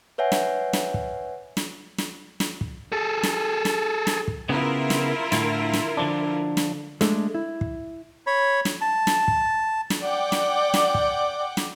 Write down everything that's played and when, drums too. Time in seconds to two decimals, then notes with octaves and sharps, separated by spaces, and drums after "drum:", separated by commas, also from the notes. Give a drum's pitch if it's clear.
0.18 B4 C#5 E5 F#5 G#5
0.32 drum: snare
0.73 drum: snare
0.94 drum: kick
1.57 drum: snare
1.98 drum: snare
2.40 drum: snare
2.61 drum: kick
2.92 G#4 A4
3.23 drum: snare
3.65 drum: snare
4.07 drum: snare
4.28 drum: kick
4.49 C#3 B3 E4 F4 A#4
4.90 drum: snare
5.32 A2 D3, drum: snare
5.73 drum: snare
5.97 D3 F3 D4
6.57 drum: snare
7.01 G#3 A3 D4, drum: snare
7.34 E4
7.61 drum: kick
8.27 C#5 B5
8.65 drum: snare
8.81 A5
9.07 drum: snare
9.28 drum: kick
9.90 drum: snare
10.01 D5 F#5 G5 D6
10.32 drum: snare
10.74 drum: snare
10.94 drum: kick
11.57 drum: snare